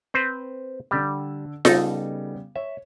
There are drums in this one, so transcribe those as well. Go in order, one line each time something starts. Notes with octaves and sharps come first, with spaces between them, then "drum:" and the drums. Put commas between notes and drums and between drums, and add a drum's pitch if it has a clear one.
C4 B4 C5
D3 G3 E6
C#3 G3 B3 D#4 A4, drum: snare F4
C#5 E5